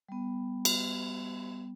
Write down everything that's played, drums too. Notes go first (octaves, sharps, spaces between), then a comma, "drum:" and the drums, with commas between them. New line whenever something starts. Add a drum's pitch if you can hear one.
G3 B3
drum: cymbal